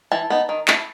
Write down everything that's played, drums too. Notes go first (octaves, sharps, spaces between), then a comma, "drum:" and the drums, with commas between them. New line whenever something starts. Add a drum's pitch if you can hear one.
E3 A5
B3 D#4
D#3
A3 E4, drum: clap